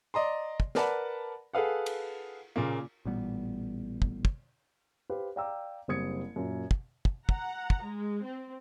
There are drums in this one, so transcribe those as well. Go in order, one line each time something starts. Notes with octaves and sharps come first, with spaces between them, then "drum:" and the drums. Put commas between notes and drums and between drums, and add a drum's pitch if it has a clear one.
D5 D#5 A#5 C6
drum: kick
A#4 B4 D5 F#5 A5 B5, drum: snare
G#4 A4 B4 F5 F#5
drum: cymbal
A#2 C#3 A#3
A1 A#2 G3 B3
drum: kick
drum: kick
G4 B4 C5 F5
D5 F5 G5 A#5 D6 E6
F#1 G3 C4 D#6 G#6 C#7
F#2 A#2
drum: kick
drum: kick
F#5 A#5, drum: kick
drum: kick
G#3
C4